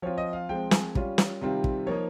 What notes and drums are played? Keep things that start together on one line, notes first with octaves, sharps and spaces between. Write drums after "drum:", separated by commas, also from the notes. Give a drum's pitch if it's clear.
F3 C4 F4 C#5
D#5
F5
F3 G#3 C4 G5
G#5, drum: snare
G3 C#4 F4, drum: kick
drum: snare
C3 D#3 G3 C4 F4
drum: kick
F3 A#3 D#4 C#5